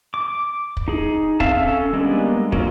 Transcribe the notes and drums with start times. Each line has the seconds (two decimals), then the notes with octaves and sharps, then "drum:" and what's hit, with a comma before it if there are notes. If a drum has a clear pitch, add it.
0.14 D6
0.77 drum: kick
0.88 D#4 G#4
1.40 C4 E5 F5 A5, drum: kick
1.57 C#4 A4
1.93 G3 G#3 A#3 B3 D4
2.52 F#3 A#3 C4 C#4 F4, drum: kick